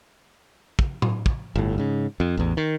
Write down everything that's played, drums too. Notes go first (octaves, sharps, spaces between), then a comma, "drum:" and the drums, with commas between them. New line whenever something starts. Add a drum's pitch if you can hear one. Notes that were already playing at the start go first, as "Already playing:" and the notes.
drum: kick
drum: tom A2
drum: kick
G1 A2
G#2 C#3
F2
A1 E2
D#3